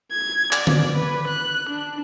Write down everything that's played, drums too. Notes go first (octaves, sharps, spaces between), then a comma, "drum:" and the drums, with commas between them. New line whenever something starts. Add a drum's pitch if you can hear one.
G#6
D5, drum: clap
drum: tom D3
B4
F#6
D4